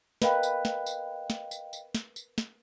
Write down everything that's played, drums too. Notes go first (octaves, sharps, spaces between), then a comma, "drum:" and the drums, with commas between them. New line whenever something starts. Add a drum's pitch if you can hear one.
A#4 B4 D#5 F5 G5, drum: snare
drum: tambourine
drum: snare
drum: tambourine
drum: snare
drum: tambourine
drum: tambourine
drum: snare
drum: tambourine
drum: snare